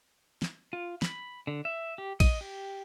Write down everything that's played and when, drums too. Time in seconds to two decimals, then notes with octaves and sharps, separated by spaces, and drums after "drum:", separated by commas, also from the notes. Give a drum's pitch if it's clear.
0.42 drum: snare
0.73 F4
1.02 B5, drum: snare
1.47 D3
1.65 E5
1.98 G4
2.20 D#5, drum: kick, cymbal
2.41 G4